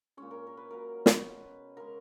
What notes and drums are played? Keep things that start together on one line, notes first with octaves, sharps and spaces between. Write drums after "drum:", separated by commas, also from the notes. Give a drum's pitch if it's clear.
A#2 G#3 C#4
A#4
A#4
B4
A#2 F#3 A#4
B4, drum: snare
B2 G#3
C#3 G#3 A#4